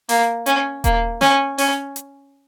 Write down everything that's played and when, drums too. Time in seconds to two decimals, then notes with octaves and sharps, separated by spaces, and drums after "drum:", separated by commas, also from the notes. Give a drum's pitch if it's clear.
0.09 A#3, drum: open hi-hat
0.46 C#4, drum: hi-hat
0.84 A#3, drum: kick D#1, hi-hat
1.21 C#4, drum: snare
1.58 C#4, drum: open hi-hat
1.96 drum: hi-hat